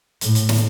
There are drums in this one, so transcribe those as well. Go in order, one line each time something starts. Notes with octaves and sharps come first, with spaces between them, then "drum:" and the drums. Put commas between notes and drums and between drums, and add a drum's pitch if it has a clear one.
A2, drum: hi-hat
drum: hi-hat
drum: snare